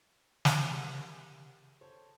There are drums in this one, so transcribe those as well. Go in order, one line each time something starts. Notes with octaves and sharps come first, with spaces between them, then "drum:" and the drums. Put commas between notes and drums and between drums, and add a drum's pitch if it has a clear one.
B2 A3, drum: snare
G4 G#4 A#4 F5
A4 C5 C#5